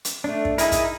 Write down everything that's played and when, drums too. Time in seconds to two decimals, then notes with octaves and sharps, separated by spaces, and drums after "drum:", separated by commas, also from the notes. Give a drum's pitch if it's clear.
0.05 drum: hi-hat
0.24 A3 D4
0.45 drum: kick
0.58 D#4 E4 G#4 A#4, drum: hi-hat
0.72 drum: kick, hi-hat